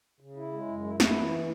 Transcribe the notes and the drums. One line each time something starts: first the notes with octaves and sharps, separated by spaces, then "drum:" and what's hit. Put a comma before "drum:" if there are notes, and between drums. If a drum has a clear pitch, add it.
C#3
E4
G#3
F#2
E4
E4, drum: snare
E3